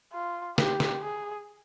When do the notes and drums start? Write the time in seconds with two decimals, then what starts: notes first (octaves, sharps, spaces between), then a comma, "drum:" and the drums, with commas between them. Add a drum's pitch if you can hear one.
0.13 F4
0.58 G4, drum: snare
0.80 drum: snare
1.02 G#4